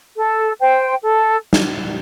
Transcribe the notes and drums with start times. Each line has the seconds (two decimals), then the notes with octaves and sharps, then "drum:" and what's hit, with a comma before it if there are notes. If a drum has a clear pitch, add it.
0.17 A4
0.60 C5 G5
1.03 A4
1.53 drum: snare